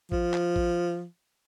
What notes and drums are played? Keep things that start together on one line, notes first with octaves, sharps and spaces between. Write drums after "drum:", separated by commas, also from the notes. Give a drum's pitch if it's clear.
F3, drum: kick
drum: clap
drum: kick